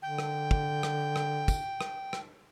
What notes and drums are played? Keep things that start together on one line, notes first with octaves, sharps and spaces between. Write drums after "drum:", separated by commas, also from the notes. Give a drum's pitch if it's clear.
D3 G5
drum: rim click
drum: kick
drum: rim click
drum: rim click
drum: kick, tambourine
drum: rim click
drum: rim click